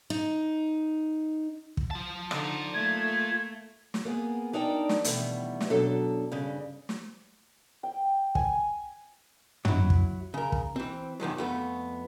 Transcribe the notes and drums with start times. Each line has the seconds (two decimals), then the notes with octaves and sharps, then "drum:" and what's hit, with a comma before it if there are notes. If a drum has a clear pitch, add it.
0.10 D#4
1.77 drum: kick
1.91 F4 A5
2.31 D3 D#4 D5, drum: rim click
2.74 A3 A#3 G#6
3.94 drum: snare
4.05 A#3 B3 G#4
4.53 D4 D#4 A#4 D5 G5 A5
4.89 drum: snare
5.04 B2 D#3 E3 G3 A3 B3, drum: hi-hat
5.61 drum: snare
5.70 F#2 B2 F#3 D4 A4 A5
6.32 G2 C#3
6.89 drum: snare
7.83 G5
8.35 G#5, drum: kick
9.65 F#3 E4, drum: tom
9.90 drum: kick
10.34 C#3 A#4
10.52 drum: kick
10.76 E3 C4
11.20 E2 D#3 F3 F#3
11.38 F2 A3 B3